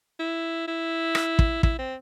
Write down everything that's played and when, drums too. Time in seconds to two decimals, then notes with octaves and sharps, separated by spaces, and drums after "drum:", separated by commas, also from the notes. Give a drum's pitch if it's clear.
0.19 E4
0.67 E4
1.15 drum: rim click
1.39 drum: kick
1.63 E4, drum: kick
1.79 C4